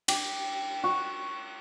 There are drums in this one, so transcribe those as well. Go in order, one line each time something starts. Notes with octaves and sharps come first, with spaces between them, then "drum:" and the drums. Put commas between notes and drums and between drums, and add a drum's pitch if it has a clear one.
G4, drum: cymbal
F#4